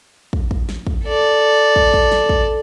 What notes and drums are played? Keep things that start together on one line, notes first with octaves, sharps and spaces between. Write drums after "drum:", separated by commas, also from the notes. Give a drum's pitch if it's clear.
drum: kick
drum: kick
drum: snare
drum: kick
A4 D5
drum: kick
drum: kick
drum: snare
drum: kick